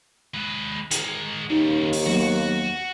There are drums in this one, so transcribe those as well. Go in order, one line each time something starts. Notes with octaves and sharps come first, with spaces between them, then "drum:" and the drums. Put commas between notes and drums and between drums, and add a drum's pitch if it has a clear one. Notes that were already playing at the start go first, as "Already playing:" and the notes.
G#3 B4
G#3 A#4, drum: hi-hat
D#2 C#3 G3 D#4
drum: open hi-hat
F#3 A#3 B3 F#4